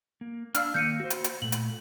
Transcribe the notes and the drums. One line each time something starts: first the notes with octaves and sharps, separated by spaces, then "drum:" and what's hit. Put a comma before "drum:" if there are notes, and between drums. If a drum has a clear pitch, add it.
A#3
D4 F5 E6 F6, drum: hi-hat
D#3 A#3 F5 G6 C#7 D#7
F#4 C5
drum: hi-hat
drum: hi-hat
A#2 A3 F#7
drum: hi-hat